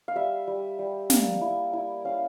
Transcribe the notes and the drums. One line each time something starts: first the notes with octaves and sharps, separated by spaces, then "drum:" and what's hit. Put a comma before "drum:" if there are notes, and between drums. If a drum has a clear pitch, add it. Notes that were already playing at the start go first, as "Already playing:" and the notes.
F5
G3 E5
G3
G3
A#3, drum: snare
E4
E4
C#4 F5